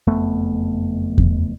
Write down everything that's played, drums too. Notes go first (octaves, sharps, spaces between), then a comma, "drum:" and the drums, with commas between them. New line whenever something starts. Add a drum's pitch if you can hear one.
F#1 F2 A3 B3
drum: kick E2